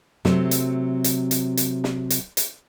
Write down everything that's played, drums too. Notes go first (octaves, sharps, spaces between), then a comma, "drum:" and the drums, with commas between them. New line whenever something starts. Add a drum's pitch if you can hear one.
C3 F#3 A3 C4, drum: snare
drum: hi-hat
drum: hi-hat
drum: hi-hat
drum: hi-hat
drum: snare
drum: hi-hat
drum: hi-hat